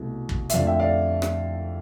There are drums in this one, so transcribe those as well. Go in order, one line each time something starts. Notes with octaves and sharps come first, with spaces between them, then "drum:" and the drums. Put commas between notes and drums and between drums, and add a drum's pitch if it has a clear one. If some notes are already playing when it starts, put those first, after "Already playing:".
Already playing: C2 B2 A3
drum: kick
E5, drum: hi-hat
F2 D3 A3 D5 F5
E5 G5
D5 F5
drum: rim click